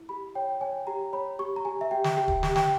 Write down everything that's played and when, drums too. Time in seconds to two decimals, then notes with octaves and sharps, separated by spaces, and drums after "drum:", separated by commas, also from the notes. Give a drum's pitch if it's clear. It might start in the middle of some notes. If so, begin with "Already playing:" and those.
Already playing: E4
0.09 G4 B5
0.35 C#5 G5
0.60 C#5 G#5
0.87 G4 A#5
1.13 C#5 B5
1.39 G4 C#6
1.56 A#5
1.65 G4 G#5
1.81 E5
1.91 G4 G5
2.04 drum: snare
2.17 G4 G5
2.28 drum: kick
2.43 G4, drum: snare
2.56 G5, drum: snare